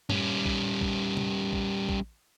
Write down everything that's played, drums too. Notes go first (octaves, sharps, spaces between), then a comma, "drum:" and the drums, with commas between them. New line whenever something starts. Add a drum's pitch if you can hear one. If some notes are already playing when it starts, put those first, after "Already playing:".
G3 C#4, drum: tom G2
drum: kick
drum: kick
drum: tom C3
drum: kick
drum: kick